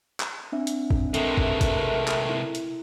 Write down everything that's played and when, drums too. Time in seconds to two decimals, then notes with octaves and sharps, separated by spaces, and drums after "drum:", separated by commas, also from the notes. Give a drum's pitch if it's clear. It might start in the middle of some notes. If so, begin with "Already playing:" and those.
0.20 drum: clap
0.52 C4 D4 E5
0.67 drum: hi-hat
0.91 drum: kick G#1
1.14 C3 G#3 A3 A#4 B4, drum: hi-hat
1.37 drum: kick G#1
1.61 drum: kick G#1, hi-hat
2.08 drum: clap
2.29 E4
2.55 drum: hi-hat